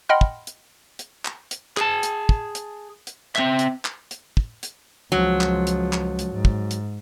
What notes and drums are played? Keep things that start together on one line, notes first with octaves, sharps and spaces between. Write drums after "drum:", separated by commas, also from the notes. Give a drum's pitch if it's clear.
D#5 F#5 G5 B5 C6 F6
drum: kick
drum: hi-hat
drum: hi-hat
drum: clap
drum: hi-hat
G#4 A5, drum: clap
drum: hi-hat
drum: kick
drum: hi-hat
drum: hi-hat
C4 E5, drum: clap
drum: hi-hat
drum: clap
drum: hi-hat
drum: kick
drum: hi-hat
C#2 F3 F#3
drum: clap
drum: hi-hat
drum: clap
drum: hi-hat
G#2
drum: kick
drum: hi-hat